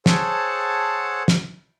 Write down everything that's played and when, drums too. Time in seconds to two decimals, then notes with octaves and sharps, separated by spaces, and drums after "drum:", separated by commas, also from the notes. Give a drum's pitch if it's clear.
0.06 G#4 A4 C5 C#5 F#5 A5, drum: snare
1.28 drum: snare